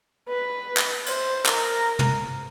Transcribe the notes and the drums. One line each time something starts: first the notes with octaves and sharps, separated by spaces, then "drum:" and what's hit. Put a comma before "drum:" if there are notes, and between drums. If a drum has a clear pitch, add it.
B4
drum: clap
C5, drum: cymbal
A#4, drum: clap
drum: tom